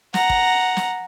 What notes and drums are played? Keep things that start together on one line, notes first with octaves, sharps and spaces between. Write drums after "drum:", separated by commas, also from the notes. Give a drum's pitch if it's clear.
F#5 A#5, drum: snare
drum: kick
drum: snare